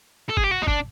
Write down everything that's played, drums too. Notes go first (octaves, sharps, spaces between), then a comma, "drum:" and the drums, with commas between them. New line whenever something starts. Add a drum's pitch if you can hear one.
A4
G#4, drum: kick
G4
F#4
D#4
D4, drum: kick